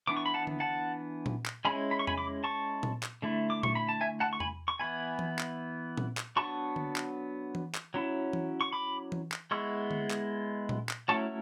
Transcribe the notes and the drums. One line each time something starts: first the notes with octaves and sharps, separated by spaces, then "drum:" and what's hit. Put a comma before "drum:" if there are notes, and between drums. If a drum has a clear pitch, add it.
E3 B3 D4 D6
C#6
B5
F#5 A5
drum: tom D3
F#5 A5
drum: tom A#2
drum: clap
G#3 C#4 E4 G#5 B5
B5
C#6
G#5 B5, drum: tom E2
B5 D6
A5 C#6
drum: tom A#2
drum: clap
D3 A3 E4
D6
C#6, drum: tom A#2
B5
A5
E5 G#5
F#5 A5
C#6
G#5 B5, drum: tom E2
C#6
E3 B3 E4 G#5 B5
drum: tom E3
drum: clap
drum: tom A#2
drum: clap
F#3 B3 D4 A5 C#6
drum: tom D3
drum: clap
drum: tom E3
drum: clap
F#3 C#4 E4
drum: tom E3
C#6
B5 D6
drum: tom E3
drum: clap
G#3 B3 E4 C#6 E6
drum: tom D3
drum: clap
drum: tom A#2
drum: clap
F#3 A3 C#4 E4 A5 C#6